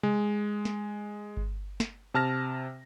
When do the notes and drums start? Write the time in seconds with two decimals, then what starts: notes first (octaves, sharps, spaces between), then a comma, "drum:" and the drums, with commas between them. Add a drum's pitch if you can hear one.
0.03 G#3, drum: tom C3
0.65 drum: snare
1.37 drum: kick G1
1.80 drum: snare
2.14 C3 A5 F6 A#6